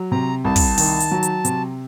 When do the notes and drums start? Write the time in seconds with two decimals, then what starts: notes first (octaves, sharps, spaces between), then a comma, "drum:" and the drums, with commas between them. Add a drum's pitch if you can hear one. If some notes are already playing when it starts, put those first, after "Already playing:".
Already playing: F#3
0.12 C3 A#5
0.45 C2 A5
0.56 drum: kick, open hi-hat
0.78 D#3, drum: open hi-hat
1.00 drum: hi-hat
1.11 F#3
1.23 drum: hi-hat
1.45 C3, drum: hi-hat